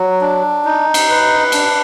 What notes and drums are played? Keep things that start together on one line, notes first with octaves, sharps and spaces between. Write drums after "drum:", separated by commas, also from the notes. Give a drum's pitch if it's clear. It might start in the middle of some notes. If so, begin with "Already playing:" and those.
Already playing: F#3
D4
D#4
drum: cymbal
B4
D4, drum: cymbal